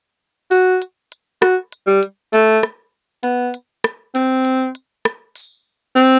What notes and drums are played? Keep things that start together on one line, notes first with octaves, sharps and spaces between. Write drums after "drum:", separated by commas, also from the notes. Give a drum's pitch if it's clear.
F#4, drum: open hi-hat
drum: hi-hat
drum: hi-hat
F#4, drum: rim click
drum: hi-hat
G3
drum: hi-hat
A3, drum: hi-hat
drum: rim click
B3, drum: hi-hat
drum: hi-hat
drum: rim click
C4, drum: hi-hat
drum: hi-hat
drum: hi-hat
drum: rim click
drum: open hi-hat
C4